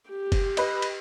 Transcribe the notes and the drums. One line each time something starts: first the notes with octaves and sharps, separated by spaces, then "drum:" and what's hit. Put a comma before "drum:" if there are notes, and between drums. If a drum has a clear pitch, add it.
G4
drum: kick F#1, cymbal
B4 D#5, drum: cymbal
drum: cymbal